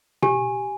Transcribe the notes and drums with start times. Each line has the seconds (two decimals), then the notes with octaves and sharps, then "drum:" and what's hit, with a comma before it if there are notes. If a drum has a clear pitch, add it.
0.22 G4 G#5, drum: tom B2